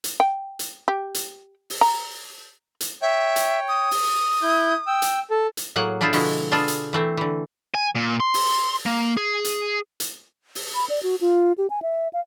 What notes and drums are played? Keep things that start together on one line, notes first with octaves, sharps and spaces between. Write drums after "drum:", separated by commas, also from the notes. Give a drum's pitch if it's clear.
drum: hi-hat
G5
drum: hi-hat
G4
drum: hi-hat
drum: open hi-hat
A#5
drum: hi-hat
C#5 E5 G5
drum: hi-hat
D#6
drum: open hi-hat
E4 G6
G5 E6
drum: hi-hat
A4
drum: hi-hat
A2 F#3 A#3 G#4 F#5
D4 E4 F4 G#4 A4 C5
B2 D3 F3 G#3 E4 F#4, drum: open hi-hat
B3 D4 F4 G#4 A4
drum: hi-hat
E3 A3 C4
D3 E3
G#5
A#2
C6
drum: open hi-hat
A#3
G#4
drum: hi-hat
drum: hi-hat
drum: open hi-hat
B5
D5
F#4
F4
G4
G#5
E5
F5